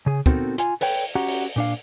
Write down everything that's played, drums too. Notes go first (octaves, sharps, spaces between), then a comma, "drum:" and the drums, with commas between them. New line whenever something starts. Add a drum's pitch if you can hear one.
C#3 G#4
B3 C4 D#4 F#4 A4 A#4, drum: kick
F4 G#5, drum: hi-hat
A4 B4 C#5 G5, drum: open hi-hat
C#4 F#4 G4 F#5 A#5
drum: open hi-hat
A#2 D4 F5